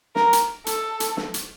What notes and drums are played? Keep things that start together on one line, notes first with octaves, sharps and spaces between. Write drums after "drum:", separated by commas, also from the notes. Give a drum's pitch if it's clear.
A#4, drum: snare
drum: hi-hat
A4, drum: hi-hat
drum: hi-hat
drum: snare
drum: hi-hat